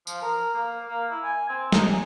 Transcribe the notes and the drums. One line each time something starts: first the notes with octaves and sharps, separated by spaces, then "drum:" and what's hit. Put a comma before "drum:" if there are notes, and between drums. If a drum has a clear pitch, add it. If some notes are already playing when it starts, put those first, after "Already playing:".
F3, drum: tambourine
A#4
A#3
A#3
E4
G#5
C4
D#4, drum: snare
G#4